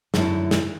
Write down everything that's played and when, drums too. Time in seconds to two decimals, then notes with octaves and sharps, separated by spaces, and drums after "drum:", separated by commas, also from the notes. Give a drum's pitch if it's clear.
0.14 F#2 D3 A3 E4, drum: snare
0.51 drum: snare